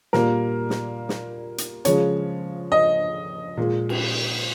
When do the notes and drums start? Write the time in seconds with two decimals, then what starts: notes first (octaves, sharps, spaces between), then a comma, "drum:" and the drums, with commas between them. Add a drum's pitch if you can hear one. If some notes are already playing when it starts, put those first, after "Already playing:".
0.13 A#2 G3 A#3 A#4, drum: snare
0.70 drum: snare
1.09 drum: snare
1.58 drum: hi-hat
1.85 C#3 F3 G#3 C#5, drum: hi-hat
2.72 D#5
3.57 A#2 G#3
3.89 drum: cymbal